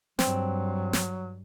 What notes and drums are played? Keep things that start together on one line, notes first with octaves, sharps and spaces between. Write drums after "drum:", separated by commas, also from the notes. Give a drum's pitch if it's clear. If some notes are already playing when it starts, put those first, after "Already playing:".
G2 F#3 C4, drum: snare
drum: snare